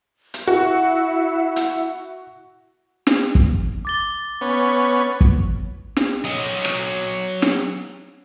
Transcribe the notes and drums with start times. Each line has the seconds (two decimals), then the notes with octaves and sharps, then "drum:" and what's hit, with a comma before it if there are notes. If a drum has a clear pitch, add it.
0.34 drum: hi-hat
0.48 E4 F#4 E5 F#5
1.56 drum: hi-hat
3.07 drum: snare
3.35 drum: kick
3.85 D6 A6 G7
4.41 B3 C#4
5.21 drum: kick
5.97 drum: snare
6.25 F#3 D#5
6.65 drum: rim click
7.42 drum: snare